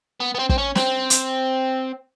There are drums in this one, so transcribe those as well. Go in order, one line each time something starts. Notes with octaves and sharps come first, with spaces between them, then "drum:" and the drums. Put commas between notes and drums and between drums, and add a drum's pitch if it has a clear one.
B3
B3
C4
C4, drum: kick
C#4
C4, drum: snare
drum: hi-hat